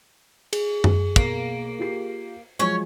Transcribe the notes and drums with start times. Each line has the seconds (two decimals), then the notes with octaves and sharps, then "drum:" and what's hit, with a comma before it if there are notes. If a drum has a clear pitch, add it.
0.53 G#4, drum: cymbal
0.84 drum: tom F#2
1.16 B1 A#3, drum: kick
1.79 F4 G4 C7
2.59 F3 F#3 G#3 C#4 C#5